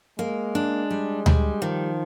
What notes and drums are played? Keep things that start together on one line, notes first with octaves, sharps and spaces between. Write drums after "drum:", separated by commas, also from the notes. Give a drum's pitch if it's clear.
G#3 A#3
D4
G3
G3, drum: tom D2
D#3 F3